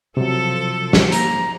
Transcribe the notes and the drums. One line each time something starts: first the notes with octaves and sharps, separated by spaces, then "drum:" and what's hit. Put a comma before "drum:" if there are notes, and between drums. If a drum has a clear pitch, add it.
C3 F3 F#3 A4
drum: snare
A#3 A#5, drum: hi-hat